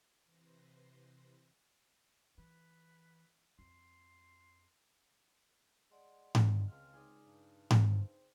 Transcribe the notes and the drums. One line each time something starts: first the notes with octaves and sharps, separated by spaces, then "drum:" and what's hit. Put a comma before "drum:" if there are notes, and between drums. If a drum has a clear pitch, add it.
C3 E3 B4 C5 C6 A#6
E3 B4
F2 C6
G#3 D5 F#5 C6
drum: tom G#2
C#2 C4 F5 F6
D#4 G#4 D5 D#6
G2
drum: tom G#2
C4